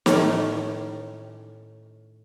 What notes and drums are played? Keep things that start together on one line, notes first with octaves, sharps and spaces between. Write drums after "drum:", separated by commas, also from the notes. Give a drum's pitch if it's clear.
A2 D#3 A3 C#4, drum: snare